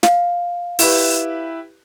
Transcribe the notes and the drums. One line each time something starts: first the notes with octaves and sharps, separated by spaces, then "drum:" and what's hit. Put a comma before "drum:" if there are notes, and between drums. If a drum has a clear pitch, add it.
F5, drum: snare
E4 G4 B4, drum: open hi-hat